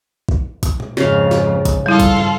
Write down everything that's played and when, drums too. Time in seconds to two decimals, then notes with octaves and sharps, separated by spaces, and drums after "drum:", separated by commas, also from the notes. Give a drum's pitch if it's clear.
0.29 drum: kick
0.63 drum: kick, hi-hat
0.80 drum: tom A#2
0.97 F2 G#2 C#3 F5, drum: snare
1.31 drum: snare
1.65 drum: kick, hi-hat
1.86 G3 E4 F4 A4
2.00 drum: kick, hi-hat
2.17 drum: tom